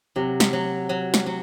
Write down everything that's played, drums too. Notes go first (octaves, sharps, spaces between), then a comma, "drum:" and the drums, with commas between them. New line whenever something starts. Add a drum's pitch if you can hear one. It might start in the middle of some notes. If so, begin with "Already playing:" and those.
C3 F#3
drum: snare
F#3
F#3
drum: snare
F#3